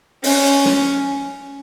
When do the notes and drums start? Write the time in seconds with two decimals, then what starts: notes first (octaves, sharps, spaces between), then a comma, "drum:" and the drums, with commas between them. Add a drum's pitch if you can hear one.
0.24 C#4, drum: open hi-hat
0.65 drum: snare